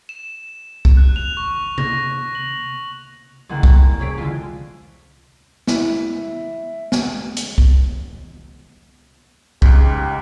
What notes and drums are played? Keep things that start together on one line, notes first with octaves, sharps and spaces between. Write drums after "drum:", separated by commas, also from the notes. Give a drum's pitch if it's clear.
E7
drum: kick
F#6
F7
C#6
A#6, drum: tom C3
F#7
C#2 D3 E3 A#3 F#5 G5
C2 A#3 C4, drum: kick
C3 C#4 G#4 C#5 B6 D7
D3 E3 G#3 F4
E4, drum: snare
drum: snare
drum: hi-hat
drum: kick
C#2 G#2 G4, drum: kick